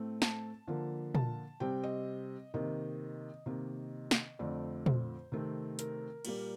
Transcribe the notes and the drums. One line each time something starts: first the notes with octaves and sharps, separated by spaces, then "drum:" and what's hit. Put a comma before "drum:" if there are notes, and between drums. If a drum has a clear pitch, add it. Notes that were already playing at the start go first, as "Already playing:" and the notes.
Already playing: A2 A3 C4
A5, drum: snare
D3 F3 A#3
A5, drum: tom A#2
C3 G3 C4 G5
D#5
C3 D#3 A#3 D#5
C3 D#3 A#3
drum: snare
F2 D3 A3 C4 D5
C5, drum: tom A#2
C3 D#3 A3 C4
A#4, drum: hi-hat
A#2 G3 A#3, drum: cymbal